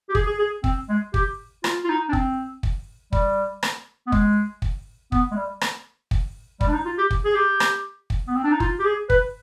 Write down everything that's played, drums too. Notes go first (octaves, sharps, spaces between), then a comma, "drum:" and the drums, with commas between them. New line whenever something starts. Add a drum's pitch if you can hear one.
G4
G#4, drum: kick
G#4
G#4
C4, drum: kick
G#3
G4, drum: kick
F4, drum: rim click
F4
D#4
D4
C4, drum: kick
drum: kick
G3, drum: kick
drum: rim click
B3
G#3, drum: kick
drum: kick
B3, drum: kick
G#3
G3
drum: rim click
drum: kick
G3, drum: kick
D4
D#4
F4
G4
drum: kick
G#4
G4
drum: rim click
drum: kick
B3
C4
D4
D#4
F4, drum: kick
G4
G#4
B4, drum: kick